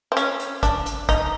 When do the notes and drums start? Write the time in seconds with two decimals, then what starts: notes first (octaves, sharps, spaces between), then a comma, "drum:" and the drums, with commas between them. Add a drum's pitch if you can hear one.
0.12 C4
0.17 C#4, drum: hi-hat
0.40 drum: hi-hat
0.63 D4, drum: kick, hi-hat
0.86 drum: hi-hat
1.09 D#4, drum: kick, hi-hat